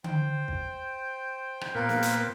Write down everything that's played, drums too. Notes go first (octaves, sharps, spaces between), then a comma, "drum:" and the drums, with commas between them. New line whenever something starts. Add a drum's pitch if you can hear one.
C5 G5, drum: tom D3
drum: kick
drum: rim click
A#2 A#3 B3 A#4
drum: snare
drum: hi-hat